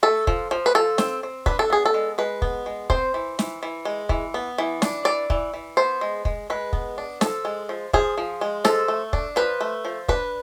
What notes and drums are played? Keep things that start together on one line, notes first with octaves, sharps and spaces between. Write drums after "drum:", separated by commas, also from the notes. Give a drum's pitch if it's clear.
A3 A4
F3, drum: kick
F3
B4
F3 A4
C4, drum: snare
C4
D4 B4, drum: kick
A4
B3 G#4
A4
G#3
G#3 B4
B3, drum: kick
G#3
C4 C5, drum: kick
E3
E3, drum: snare
E3
G#3
E3, drum: kick
B3
E3
D4, drum: snare
E3 D5
E3, drum: kick
E3
B3 C5
G#3
G#3, drum: kick
G#3 B4
B3, drum: kick
D4
F3 A4, drum: snare
G#3
F3
F3 G#4, drum: kick
F3
G#3
F3 A4, drum: snare
A3
D4, drum: kick
F3 B4
A3
F3
D4 B4, drum: kick